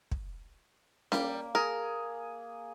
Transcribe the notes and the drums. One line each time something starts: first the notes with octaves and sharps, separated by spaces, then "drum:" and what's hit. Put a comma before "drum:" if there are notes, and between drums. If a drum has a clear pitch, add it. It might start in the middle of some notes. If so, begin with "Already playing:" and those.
drum: kick
G3 A#3, drum: snare C#4
G#4 A#4